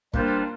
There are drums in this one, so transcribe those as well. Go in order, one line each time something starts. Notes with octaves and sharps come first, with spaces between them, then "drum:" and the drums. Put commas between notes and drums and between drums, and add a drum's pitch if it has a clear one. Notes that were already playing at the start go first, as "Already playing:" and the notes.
G3 A#3 D4 F4 C5, drum: kick